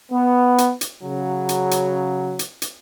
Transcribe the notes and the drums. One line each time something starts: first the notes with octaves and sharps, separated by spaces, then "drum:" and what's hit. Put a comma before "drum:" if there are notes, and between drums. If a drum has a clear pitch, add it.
B3
drum: hi-hat
drum: hi-hat
C#3 F#3
drum: hi-hat
drum: hi-hat
drum: hi-hat
drum: hi-hat